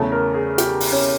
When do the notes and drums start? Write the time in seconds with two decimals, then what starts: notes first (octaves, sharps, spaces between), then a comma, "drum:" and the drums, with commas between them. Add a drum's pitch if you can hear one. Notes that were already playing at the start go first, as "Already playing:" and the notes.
Already playing: E2 C#3 F#3 A3 A4
0.12 A#4
0.34 G#4
0.58 G4, drum: hi-hat
0.80 drum: open hi-hat
0.92 C#4